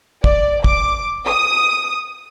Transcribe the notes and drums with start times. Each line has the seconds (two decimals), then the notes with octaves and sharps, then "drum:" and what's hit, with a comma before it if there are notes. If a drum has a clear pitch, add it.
0.24 D5, drum: kick
0.64 D6, drum: kick
1.26 D#6